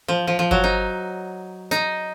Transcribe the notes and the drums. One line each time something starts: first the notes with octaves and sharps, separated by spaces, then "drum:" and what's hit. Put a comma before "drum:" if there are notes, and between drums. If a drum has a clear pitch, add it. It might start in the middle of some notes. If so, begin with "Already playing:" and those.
F3
F3
F3
F#3, drum: kick G1
D#4
D#4, drum: hi-hat